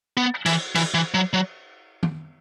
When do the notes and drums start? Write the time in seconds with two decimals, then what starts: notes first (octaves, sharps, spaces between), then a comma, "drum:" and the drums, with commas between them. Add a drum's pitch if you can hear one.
0.17 B3
0.46 E3, drum: cymbal
0.75 E3, drum: cymbal
0.94 E3
1.14 F#3
1.33 F#3
2.03 drum: tom D#3